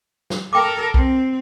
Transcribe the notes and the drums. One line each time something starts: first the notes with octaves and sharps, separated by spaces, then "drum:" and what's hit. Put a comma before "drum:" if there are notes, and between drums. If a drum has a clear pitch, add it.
drum: snare
A4 A#4 G5 D6
C4, drum: kick